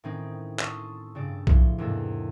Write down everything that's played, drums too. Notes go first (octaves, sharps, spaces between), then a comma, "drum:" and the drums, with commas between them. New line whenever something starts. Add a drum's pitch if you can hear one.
A2 D#3 C4 C#4 D#4
A5 C6 C#6 D#6 E6 A6, drum: clap
G2 C#3 D4 D5
A2 F3 C6, drum: kick B1
E2 G#2 C3 A#3 A4